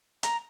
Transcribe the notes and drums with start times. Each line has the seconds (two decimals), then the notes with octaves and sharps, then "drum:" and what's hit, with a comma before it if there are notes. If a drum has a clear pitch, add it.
0.23 A#5, drum: hi-hat